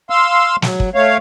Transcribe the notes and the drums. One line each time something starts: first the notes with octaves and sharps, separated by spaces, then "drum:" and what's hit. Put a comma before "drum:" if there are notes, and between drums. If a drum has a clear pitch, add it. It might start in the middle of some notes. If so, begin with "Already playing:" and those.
F5 C6 E6
F#3, drum: snare
drum: kick
A3 C#5 F5